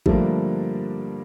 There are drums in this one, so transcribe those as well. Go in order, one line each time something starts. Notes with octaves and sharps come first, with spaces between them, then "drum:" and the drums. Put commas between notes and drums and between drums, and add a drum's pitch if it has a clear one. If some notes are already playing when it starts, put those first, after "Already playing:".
G2 D3 F3 G3 A3 A#3 D4, drum: kick A1